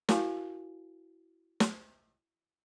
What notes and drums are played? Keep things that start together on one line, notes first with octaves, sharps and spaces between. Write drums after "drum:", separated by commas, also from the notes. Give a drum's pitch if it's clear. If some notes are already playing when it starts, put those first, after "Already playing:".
E4 F#4 A#4 F5 G#5 A5, drum: snare
drum: snare